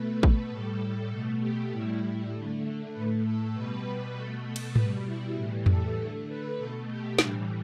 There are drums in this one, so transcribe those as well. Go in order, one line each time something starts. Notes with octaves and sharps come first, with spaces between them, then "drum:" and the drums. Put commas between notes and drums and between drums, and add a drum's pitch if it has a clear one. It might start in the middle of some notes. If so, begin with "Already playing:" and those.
Already playing: B2 A3 B4
drum: kick A1
A2 G3 A4
B2 A3 A4
G4
A2 G3 E4
D3 A3
A2 A3 B4
A4
B2 G3 B4
B2 A3 A4
A4
drum: cymbal
B2 G3 B4, drum: tom G#2
E4
A2 E3 G3
A4, drum: tom F2
D3 A3 A4
B4
B2 A3 A4
G4
A2 E3 G3 D4, drum: snare